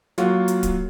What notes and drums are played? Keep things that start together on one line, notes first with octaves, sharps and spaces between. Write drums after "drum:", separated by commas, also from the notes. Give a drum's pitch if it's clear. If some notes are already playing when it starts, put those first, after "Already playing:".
F#3 A#3 F4 F#4, drum: snare
drum: hi-hat
drum: kick D1, hi-hat